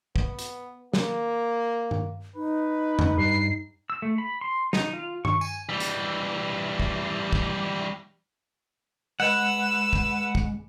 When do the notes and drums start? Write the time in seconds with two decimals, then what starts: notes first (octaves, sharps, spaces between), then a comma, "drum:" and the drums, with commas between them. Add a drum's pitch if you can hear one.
0.16 B3, drum: kick
0.39 drum: hi-hat
0.93 A#3, drum: snare
1.91 drum: tom G2
2.36 D#4 B4
2.99 drum: tom F2
3.18 G2 C7
3.90 E6
4.02 A3
4.18 B5
4.41 C6
4.73 D#4, drum: snare
4.93 F4
5.25 C#6, drum: tom G2
5.41 G#5, drum: tambourine
5.69 E3 G3
5.80 drum: hi-hat
6.80 drum: kick
7.33 drum: kick
9.20 G#3 B4 F#5 E6
9.93 drum: kick
10.35 drum: kick